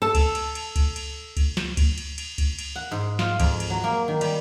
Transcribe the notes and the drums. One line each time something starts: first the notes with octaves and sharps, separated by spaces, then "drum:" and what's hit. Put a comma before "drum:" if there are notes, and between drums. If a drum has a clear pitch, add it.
A4 A5
drum: kick C#2, cymbal
drum: cymbal
drum: cymbal
drum: kick C#2, cymbal
drum: cymbal
drum: kick C#2, cymbal
drum: snare
drum: kick C#2, cymbal
drum: cymbal
drum: cymbal
drum: kick C#2, cymbal
drum: cymbal
F#5
G#2
F4, drum: snare
F2, drum: kick C#2, cymbal
drum: cymbal
F#3
A#3
D#3
G3, drum: cymbal